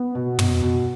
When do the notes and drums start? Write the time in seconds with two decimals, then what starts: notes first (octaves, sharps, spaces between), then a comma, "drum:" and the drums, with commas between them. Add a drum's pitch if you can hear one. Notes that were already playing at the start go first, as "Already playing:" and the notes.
Already playing: B3
0.15 B2
0.39 B2, drum: tom
0.62 B2